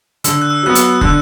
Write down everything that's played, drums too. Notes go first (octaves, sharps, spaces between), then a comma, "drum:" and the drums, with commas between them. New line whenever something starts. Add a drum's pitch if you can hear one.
D3 E6, drum: hi-hat
F#6
E6
F#3 B3 F#6
E6, drum: hi-hat
D3 F#6, drum: kick